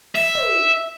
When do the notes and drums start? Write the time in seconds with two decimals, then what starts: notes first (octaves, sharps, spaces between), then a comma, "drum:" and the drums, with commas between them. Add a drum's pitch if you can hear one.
0.15 E5, drum: open hi-hat
0.35 drum: tom